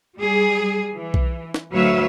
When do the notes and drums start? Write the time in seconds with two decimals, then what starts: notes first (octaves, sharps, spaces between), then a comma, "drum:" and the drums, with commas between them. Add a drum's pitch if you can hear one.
0.18 G3 G#4
0.93 E3
1.14 drum: kick B1
1.54 drum: snare
1.72 D2 F#3 B4 C#5 E5 F5